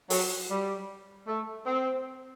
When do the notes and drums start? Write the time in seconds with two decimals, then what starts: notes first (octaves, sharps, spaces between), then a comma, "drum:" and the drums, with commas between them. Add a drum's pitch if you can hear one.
0.10 F#3, drum: open hi-hat
0.50 G3
1.27 A3
1.66 C4